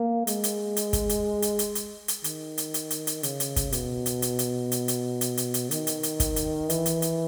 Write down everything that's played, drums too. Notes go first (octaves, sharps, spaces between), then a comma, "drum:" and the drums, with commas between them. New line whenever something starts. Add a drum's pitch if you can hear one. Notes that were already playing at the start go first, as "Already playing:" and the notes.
Already playing: A#3
G#3, drum: hi-hat
drum: hi-hat
drum: hi-hat
drum: kick, hi-hat
drum: hi-hat
drum: hi-hat
drum: hi-hat
drum: hi-hat
drum: hi-hat
D#3, drum: hi-hat
drum: hi-hat
drum: hi-hat
drum: hi-hat
drum: hi-hat
C#3, drum: hi-hat
drum: hi-hat
drum: kick, hi-hat
B2, drum: hi-hat
drum: hi-hat
drum: hi-hat
drum: hi-hat
drum: hi-hat
drum: hi-hat
drum: hi-hat
drum: hi-hat
drum: hi-hat
D#3, drum: hi-hat
drum: hi-hat
drum: hi-hat
drum: kick, hi-hat
drum: hi-hat
E3, drum: hi-hat
drum: hi-hat
drum: hi-hat